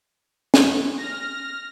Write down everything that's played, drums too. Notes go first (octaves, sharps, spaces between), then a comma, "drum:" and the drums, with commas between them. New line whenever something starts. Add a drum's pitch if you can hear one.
drum: snare
F6 A#6